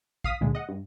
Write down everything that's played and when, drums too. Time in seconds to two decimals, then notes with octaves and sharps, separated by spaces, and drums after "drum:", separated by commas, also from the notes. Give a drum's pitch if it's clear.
0.24 F5 D#6 B6, drum: kick
0.41 C#2 A#2 D3 G#3
0.55 D#5 F#5
0.69 G2